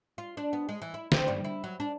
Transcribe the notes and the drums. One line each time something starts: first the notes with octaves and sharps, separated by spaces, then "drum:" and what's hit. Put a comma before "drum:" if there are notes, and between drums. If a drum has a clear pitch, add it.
F4
D4
B3
G#3
E3
E4
C4, drum: snare
G2
E4
F#3
D4